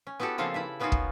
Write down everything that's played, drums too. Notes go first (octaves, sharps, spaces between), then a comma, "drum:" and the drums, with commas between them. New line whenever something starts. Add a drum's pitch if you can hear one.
C#4
B3 E4 F#4 G4 A4
C#3 F3 A#3 C4 F4 A4
E4 B4 E5
A#3 B3 C#4 D#4 F4 F#4
drum: kick